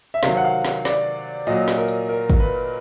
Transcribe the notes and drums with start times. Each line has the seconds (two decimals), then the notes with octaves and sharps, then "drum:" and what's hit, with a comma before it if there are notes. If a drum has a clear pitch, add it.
0.14 E5
0.23 C3 D#3 F#3 F5, drum: snare
0.37 F#5
0.44 F5
0.65 drum: snare
0.85 D5, drum: snare
1.47 A#2 F#3 D#5, drum: open hi-hat
1.68 drum: snare
1.78 A#4
1.88 drum: hi-hat
2.09 A#4
2.30 drum: kick, hi-hat
2.40 B4